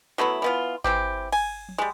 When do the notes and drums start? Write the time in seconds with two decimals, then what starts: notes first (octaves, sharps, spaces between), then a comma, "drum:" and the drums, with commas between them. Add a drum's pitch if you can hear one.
0.18 F#3 A3 B3 E4
0.42 E3 B3 F4
0.84 E3 C4 G4, drum: kick G#1
1.32 G#5, drum: cymbal
1.69 drum: tom F3
1.78 G3 G#3